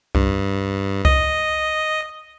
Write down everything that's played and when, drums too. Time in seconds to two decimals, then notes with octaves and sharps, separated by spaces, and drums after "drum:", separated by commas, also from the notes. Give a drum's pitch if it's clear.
0.15 G2, drum: kick C2
1.05 D#5, drum: kick C2